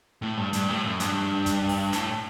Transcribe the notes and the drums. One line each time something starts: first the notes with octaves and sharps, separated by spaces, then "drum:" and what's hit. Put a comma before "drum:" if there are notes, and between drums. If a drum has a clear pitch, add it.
A2
G2
G2, drum: hi-hat
A2
F#2
G2, drum: hi-hat
drum: kick, hi-hat
drum: open hi-hat
A2, drum: hi-hat